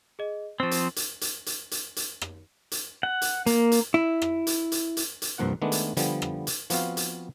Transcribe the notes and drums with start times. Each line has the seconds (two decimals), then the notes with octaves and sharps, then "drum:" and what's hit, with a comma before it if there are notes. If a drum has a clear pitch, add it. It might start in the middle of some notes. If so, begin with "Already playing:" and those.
0.19 G#4 D#5
0.60 F3 C4 C5 C#6 A6
0.71 drum: hi-hat
0.96 drum: hi-hat
1.21 drum: hi-hat
1.46 drum: hi-hat
1.71 drum: hi-hat
1.96 drum: hi-hat
2.21 drum: rim click
2.71 drum: hi-hat
3.03 F#5
3.22 drum: hi-hat
3.46 A#3, drum: hi-hat
3.72 drum: hi-hat
3.94 E4
4.22 drum: rim click
4.47 drum: hi-hat
4.72 drum: hi-hat
4.97 drum: hi-hat
5.22 drum: hi-hat
5.38 C2 G2 F3 A#3 F4 F#5
5.62 D#3 G#3 A3 B3 D4
5.72 drum: hi-hat
5.97 D3 F3 G3 B3, drum: hi-hat
6.22 drum: rim click
6.47 drum: hi-hat
6.70 F3 B3 C4 F#4 F5, drum: hi-hat
6.97 drum: hi-hat